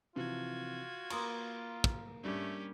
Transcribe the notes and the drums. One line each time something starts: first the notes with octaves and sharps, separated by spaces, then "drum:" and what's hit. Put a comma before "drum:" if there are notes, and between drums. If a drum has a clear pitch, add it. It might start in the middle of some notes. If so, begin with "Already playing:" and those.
C3 E3 F3 F4 F#4 G#6
A#3 B5 C6 D#6, drum: cymbal
drum: kick
G3 A3 C#4 D4 G4